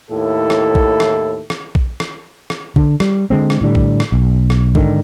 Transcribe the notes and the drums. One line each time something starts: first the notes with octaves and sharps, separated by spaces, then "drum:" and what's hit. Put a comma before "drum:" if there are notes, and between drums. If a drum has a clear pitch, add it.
D#2 A2 E4 A4
drum: rim click
drum: kick
drum: rim click
drum: rim click
drum: kick
drum: rim click
drum: rim click
D3, drum: kick
G3, drum: rim click
D3 G#3 C4
drum: rim click
A2 D3 G3
drum: kick
drum: rim click
B1
drum: rim click
G#2 D3 D#3, drum: kick